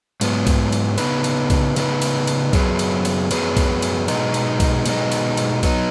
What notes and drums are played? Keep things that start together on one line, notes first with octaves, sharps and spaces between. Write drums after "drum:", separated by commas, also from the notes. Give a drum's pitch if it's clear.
G#2 F#3 B3, drum: cymbal
drum: kick B1, cymbal
drum: cymbal
C#3 B3 D#4 B4, drum: cymbal
drum: cymbal
drum: kick B1, cymbal
C#3 B3 D#4 B4, drum: cymbal
drum: cymbal
drum: cymbal
F#2 F#3 B3 G#4 B4, drum: kick B1, cymbal
drum: cymbal
drum: cymbal
F#2 F#3 B3 G#4 B4, drum: cymbal
drum: kick B1, cymbal
drum: cymbal
B2 G#3 B3 D#4, drum: cymbal
drum: cymbal
drum: kick B1, cymbal
B2 G#3 B3 D#4, drum: cymbal
drum: cymbal
drum: cymbal
F#3 B3 D#4, drum: kick B1, cymbal